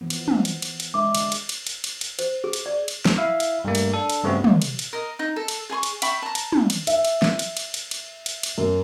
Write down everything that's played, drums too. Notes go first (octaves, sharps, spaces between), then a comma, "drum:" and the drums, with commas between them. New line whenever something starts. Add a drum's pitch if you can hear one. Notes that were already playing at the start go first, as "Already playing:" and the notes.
E3 F3 B3
drum: cymbal
drum: tom
drum: cymbal
drum: cymbal
drum: cymbal
G#3 D4 E5 D6
D3, drum: cymbal
drum: cymbal
drum: cymbal
drum: cymbal
drum: cymbal
drum: cymbal
C5, drum: cymbal
G#4
drum: cymbal
D5
drum: cymbal
drum: snare
E4 E5 F5
drum: cymbal
G2 A3 A#3
drum: cymbal
D4 A4
drum: cymbal
G2 C#3 A3 B3 C4 F#4
drum: tom
drum: cymbal
drum: cymbal
A#4 D#5
D#4
A4
drum: cymbal
G#4 G#5 C6 C#6
drum: cymbal
E5 G5 B5 C#6, drum: cymbal
A5 A#5
drum: cymbal
drum: tom
drum: cymbal
E5, drum: cymbal
drum: cymbal
drum: snare
drum: cymbal
drum: cymbal
drum: cymbal
drum: cymbal
drum: cymbal
drum: cymbal
F#2